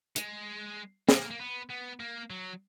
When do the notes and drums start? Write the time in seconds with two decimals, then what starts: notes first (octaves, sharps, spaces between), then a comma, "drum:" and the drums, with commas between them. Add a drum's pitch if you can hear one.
0.16 G#3, drum: hi-hat
1.09 A#3, drum: snare
1.31 A#3
1.39 B3
1.70 B3
2.00 A#3
2.30 F#3